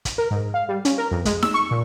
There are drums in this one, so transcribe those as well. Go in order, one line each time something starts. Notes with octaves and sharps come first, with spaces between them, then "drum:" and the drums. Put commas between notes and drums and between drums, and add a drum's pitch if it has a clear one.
drum: kick, hi-hat
A#4
G#2
F5
G3
C#4, drum: hi-hat
A#4
F2
G#3, drum: kick, hi-hat
E6, drum: snare D#4
C#6
A#2